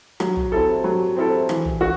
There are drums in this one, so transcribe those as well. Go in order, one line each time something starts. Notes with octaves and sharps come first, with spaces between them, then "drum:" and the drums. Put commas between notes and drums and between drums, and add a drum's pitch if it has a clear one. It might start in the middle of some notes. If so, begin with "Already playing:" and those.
F#3, drum: rim click
drum: tom
C4 E4 A4
F#3
C4 E4 A4
E3, drum: rim click
drum: tom
F#4